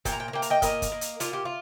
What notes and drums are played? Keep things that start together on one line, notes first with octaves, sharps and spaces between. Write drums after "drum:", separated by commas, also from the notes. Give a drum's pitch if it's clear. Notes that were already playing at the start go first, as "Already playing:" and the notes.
A#2 G5, drum: kick, hi-hat
A#5
G5
A#5
A#3 G5
A#5, drum: hi-hat
D#5 G5
A#2 A#4 D#5, drum: kick, hi-hat
drum: kick, hi-hat
A#3
drum: hi-hat
A#2 F4, drum: hi-hat
G4
F4